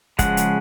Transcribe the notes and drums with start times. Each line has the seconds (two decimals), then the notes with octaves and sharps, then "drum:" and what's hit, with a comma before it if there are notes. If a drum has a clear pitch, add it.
0.19 C#3 F3 G#3 F#5, drum: kick, hi-hat
0.37 drum: hi-hat